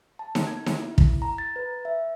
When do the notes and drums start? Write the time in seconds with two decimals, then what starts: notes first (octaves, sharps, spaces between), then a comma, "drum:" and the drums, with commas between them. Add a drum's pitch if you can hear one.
0.19 A5
0.35 drum: snare D#4
0.47 G#6
0.66 drum: snare D#4
0.78 E4
0.98 drum: kick
1.22 A#5
1.38 A6
1.56 B4
1.85 E5